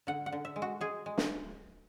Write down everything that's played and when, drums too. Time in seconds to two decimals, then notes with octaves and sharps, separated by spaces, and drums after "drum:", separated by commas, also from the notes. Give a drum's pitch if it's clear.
0.07 D3 F#5
0.26 F#5
0.32 D3
0.45 E5
0.56 G#3
0.62 F#4
0.81 G#3 G#4
1.06 G#3
1.18 drum: snare